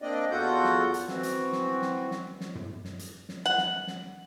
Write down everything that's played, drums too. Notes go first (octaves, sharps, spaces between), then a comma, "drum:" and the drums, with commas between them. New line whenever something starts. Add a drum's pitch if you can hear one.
A#3 C4 D4 D5 D#5
E2 F4 F#4 A4 F#5 G6
drum: snare
drum: hi-hat
E3 C4 F#4, drum: snare
drum: hi-hat
drum: snare
drum: snare
drum: snare
drum: snare
drum: tom
drum: snare
drum: hi-hat
drum: snare
F#5
drum: snare
drum: snare